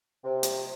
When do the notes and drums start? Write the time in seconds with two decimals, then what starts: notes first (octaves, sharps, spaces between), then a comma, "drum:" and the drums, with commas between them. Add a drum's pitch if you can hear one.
0.24 C3
0.43 drum: hi-hat